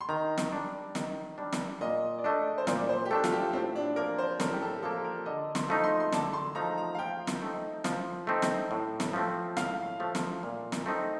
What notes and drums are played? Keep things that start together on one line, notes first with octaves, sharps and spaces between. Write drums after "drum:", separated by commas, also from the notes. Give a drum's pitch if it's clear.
C6
D#3 A#5
drum: snare
G3 D4
D#3, drum: snare
G3 D4
drum: snare
A#2 D#5
D5
A3 D4 D#5
C5
A#2 D5, drum: snare
C5
G4
A3 D4 A4
F4, drum: snare
G4
A2 C4
D4
F3 A#3 A#4
C5
A2 A#4, drum: snare
G4
A4
F3 A#3 A4
A#4
D3 D#5
C6, drum: snare
F3 A3 D#4
C6
C6
D3 A5, drum: snare
C6
F3 A3 D#4 A#5
A#5
F5
F3 G5
drum: snare
A3 C4 D#4
F3, drum: snare
A3 C4 D#4
drum: snare
A2
drum: snare
F3 A3 C4
A2 F5, drum: snare
F3 A3 C4
drum: snare
A#2
drum: snare
A3 C4 D#4